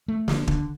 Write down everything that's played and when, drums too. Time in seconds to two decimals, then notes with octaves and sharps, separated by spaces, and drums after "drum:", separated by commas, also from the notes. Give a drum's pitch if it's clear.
0.08 A3
0.28 D3, drum: snare
0.47 D3, drum: kick